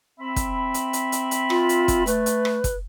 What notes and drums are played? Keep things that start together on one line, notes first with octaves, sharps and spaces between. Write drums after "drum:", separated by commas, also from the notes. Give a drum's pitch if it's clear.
C4 E5 B5
drum: kick, hi-hat
drum: hi-hat
drum: hi-hat
drum: hi-hat
drum: hi-hat
F4, drum: rim click
drum: hi-hat
drum: kick, hi-hat
A3 B4, drum: hi-hat
drum: hi-hat
drum: rim click
drum: kick, hi-hat